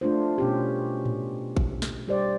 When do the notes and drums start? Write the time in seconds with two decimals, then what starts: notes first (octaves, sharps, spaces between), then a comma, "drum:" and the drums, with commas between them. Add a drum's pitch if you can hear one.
0.01 A3 D4 F4 C5
0.38 B2 C#4 G4
1.05 drum: tom A2
1.57 drum: kick A1
1.82 drum: snare
2.08 G3 G4 C5 D5